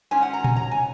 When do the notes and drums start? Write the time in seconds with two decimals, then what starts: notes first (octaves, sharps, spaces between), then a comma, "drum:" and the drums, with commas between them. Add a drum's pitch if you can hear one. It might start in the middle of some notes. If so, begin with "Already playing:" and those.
0.11 G#2 F#3 C#4 G#5
0.22 F#5
0.33 A#5
0.44 G#5, drum: tom A#2
0.56 A#5
0.71 G#5